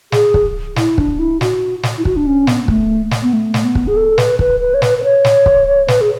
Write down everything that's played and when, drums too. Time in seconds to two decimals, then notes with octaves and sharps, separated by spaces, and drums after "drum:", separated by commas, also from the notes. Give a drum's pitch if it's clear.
0.12 G#4, drum: snare
0.34 drum: kick
0.76 E4, drum: snare
0.98 D4, drum: kick
1.19 E4
1.41 F#4, drum: snare
1.83 drum: snare
1.98 E4
2.05 F#4, drum: kick
2.16 D4
2.27 C#4
2.47 B3, drum: snare
2.64 B3
2.68 A3, drum: kick
3.11 drum: snare
3.23 B3
3.33 A3
3.54 drum: snare
3.65 B3
3.75 drum: kick
3.87 G#4
3.97 A4
4.18 B4, drum: snare
4.39 B4, drum: kick
4.60 B4
4.74 C#5
4.82 B4, drum: snare
4.98 B4
5.03 C#5
5.25 drum: snare
5.46 drum: kick
5.88 B4, drum: snare
6.01 G#4